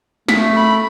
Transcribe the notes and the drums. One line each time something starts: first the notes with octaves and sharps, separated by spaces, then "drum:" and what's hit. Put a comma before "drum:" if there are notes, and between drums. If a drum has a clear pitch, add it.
A3 B6, drum: snare
B5